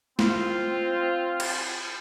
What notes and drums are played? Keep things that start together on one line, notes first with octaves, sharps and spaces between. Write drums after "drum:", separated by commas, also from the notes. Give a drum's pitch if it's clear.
C4 F4, drum: snare
drum: cymbal